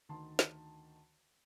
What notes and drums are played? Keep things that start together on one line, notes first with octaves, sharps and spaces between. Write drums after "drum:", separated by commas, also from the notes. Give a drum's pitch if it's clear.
D2 D#3 A5 C6
drum: snare